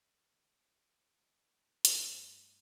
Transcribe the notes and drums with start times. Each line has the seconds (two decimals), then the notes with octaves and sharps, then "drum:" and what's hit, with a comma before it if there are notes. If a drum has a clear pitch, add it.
1.85 G2 A3, drum: hi-hat